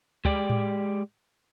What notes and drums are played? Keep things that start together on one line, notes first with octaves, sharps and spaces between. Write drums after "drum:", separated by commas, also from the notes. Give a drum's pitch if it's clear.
G#3 G4 D5, drum: kick
drum: tom A2